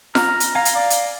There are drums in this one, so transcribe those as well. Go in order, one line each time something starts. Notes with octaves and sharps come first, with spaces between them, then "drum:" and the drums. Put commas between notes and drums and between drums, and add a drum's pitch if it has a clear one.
A#5 F6, drum: snare F4
drum: hi-hat
F5 G#5 A#5
drum: hi-hat
D5
drum: hi-hat